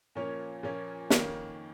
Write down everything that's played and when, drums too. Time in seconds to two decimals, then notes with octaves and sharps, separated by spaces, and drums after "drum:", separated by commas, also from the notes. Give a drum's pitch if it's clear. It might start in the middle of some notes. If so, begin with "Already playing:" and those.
0.15 A#2 F3 A#3 C#4 C#5
0.63 A#2 F3 A#3 C#4
1.10 F2 D#3 A#3 C#4, drum: snare